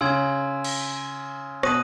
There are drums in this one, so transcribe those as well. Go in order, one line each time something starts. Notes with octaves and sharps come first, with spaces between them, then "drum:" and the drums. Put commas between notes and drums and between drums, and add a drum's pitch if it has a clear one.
C#3 G#5 C6 E6 G#6
drum: cymbal
B2 D#6 F#6 A#6 D#7 F#7, drum: rim click